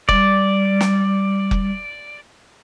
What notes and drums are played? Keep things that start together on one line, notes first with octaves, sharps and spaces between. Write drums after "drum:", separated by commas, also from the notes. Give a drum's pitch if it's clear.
G3 D5, drum: kick F1
drum: snare
drum: kick F1